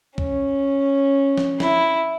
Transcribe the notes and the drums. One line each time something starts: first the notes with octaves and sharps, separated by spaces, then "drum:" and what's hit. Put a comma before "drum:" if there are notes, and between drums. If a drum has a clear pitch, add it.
C#4, drum: kick B1
drum: snare
E4, drum: snare